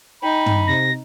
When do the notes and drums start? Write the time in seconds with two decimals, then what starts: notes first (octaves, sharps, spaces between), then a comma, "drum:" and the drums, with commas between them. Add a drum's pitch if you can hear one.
0.22 D#4 G5 B5
0.46 drum: tom
0.67 C3 A#6